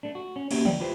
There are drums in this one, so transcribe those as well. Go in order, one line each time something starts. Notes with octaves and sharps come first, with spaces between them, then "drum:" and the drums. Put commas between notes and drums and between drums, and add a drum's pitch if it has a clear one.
A3 D4
F#4
C#4
A#3 B3 C#4 F#4 G4 E5, drum: cymbal
D2 D5 G5, drum: tom
E4 F4 G4 B4 C5